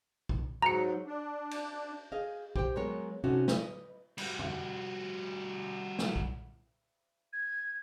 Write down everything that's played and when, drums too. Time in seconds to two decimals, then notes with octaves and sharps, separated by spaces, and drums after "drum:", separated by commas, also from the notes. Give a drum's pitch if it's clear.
0.29 drum: kick
0.62 G#2 F#3 A#5 C#7
1.07 D4
1.51 drum: cymbal
2.12 G#4 D#5 F5
2.56 G4 C5 G5, drum: kick
2.76 F#3 G#3 B3 A#4 C#5
3.24 C3 C#4 D#4 F#4 A4
3.48 B4 D#5, drum: snare
4.18 G3 F#4, drum: cymbal
4.39 drum: tom E2
5.99 drum: snare
6.16 drum: kick
7.33 G#6